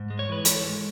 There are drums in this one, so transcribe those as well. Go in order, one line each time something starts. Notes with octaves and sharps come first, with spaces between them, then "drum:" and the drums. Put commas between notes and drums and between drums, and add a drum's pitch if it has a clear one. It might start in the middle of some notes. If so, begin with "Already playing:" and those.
Already playing: G#2
G#3
C#5
E3 B4
G#3 A4 C#5, drum: hi-hat
G#3